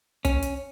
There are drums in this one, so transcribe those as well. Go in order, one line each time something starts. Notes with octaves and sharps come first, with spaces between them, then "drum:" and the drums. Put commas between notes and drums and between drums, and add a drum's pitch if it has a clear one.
C#4, drum: kick, hi-hat
drum: hi-hat